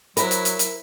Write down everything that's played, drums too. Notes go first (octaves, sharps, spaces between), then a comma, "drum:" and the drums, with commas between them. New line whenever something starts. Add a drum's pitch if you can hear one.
F#3 E4 A#4 C5 E5 B5, drum: hi-hat
drum: hi-hat
drum: hi-hat
drum: hi-hat